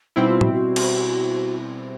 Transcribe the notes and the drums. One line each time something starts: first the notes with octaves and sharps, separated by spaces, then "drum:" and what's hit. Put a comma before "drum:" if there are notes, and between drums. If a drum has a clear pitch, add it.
B2 G3 C4 D#4 E4
F4
F#4, drum: tom A2
F#4
drum: cymbal